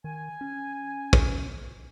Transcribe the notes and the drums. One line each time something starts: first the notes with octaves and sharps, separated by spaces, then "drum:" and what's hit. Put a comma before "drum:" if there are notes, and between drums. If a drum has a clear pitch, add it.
D#3 G#5
C#4
drum: kick